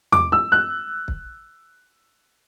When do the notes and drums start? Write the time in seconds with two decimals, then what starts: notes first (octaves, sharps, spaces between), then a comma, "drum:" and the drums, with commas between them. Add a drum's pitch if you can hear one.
0.12 D6, drum: tom E2
0.32 E6
0.52 F#6
1.08 drum: kick